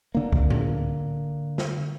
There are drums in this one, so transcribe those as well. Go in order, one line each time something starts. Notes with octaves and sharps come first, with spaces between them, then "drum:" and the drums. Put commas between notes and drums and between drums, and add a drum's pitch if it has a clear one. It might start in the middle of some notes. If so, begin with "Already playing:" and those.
D3 A#3
drum: kick C2
drum: tom A2
drum: snare